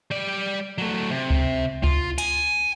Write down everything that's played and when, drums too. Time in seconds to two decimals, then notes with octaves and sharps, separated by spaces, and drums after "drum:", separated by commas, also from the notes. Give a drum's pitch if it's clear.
0.11 G3 D5
0.78 F#3 A3
1.11 C3
1.30 drum: kick C#2
1.84 F4, drum: kick C#2
2.18 G#5, drum: cymbal